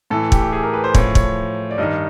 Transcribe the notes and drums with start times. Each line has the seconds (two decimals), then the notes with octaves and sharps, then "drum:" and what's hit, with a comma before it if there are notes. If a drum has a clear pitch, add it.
0.10 A2 E3 A4
0.32 G4, drum: kick
0.42 G4
0.53 G#4
0.63 A#4
0.74 B4
0.84 C5
0.95 A2 F3 C#5, drum: kick
1.15 C#5, drum: kick
1.71 D5
1.78 G2 D#3 D#5